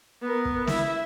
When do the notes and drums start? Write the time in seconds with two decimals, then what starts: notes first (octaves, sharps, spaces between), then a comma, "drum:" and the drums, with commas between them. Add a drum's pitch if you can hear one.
0.22 B3 A#4
0.45 drum: kick
0.67 E4 E5, drum: snare